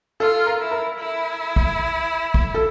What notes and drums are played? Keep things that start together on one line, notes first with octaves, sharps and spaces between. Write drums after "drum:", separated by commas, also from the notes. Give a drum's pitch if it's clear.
F4 A4
A#4
E4
A#4
E4
drum: kick
drum: kick
A4